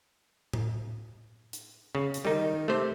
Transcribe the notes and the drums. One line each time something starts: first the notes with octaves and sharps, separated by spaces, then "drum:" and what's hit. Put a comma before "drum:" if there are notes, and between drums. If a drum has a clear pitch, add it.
drum: tom A2
drum: hi-hat
C#3
drum: hi-hat
D#3 G3 D#4
C3 A3 C5